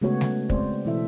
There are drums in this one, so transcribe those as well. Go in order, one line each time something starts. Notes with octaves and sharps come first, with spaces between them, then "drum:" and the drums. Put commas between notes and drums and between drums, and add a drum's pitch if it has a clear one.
C#3 G#3 A3 B3 F#4 C#5
drum: snare G3
G#3 C4 C5 D5, drum: kick
B2 E3 E4 A4 E5